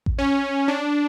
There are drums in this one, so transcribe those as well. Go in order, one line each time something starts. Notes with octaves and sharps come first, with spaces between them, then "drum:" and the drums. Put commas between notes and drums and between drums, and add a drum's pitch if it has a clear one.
drum: kick A1
C#4
D4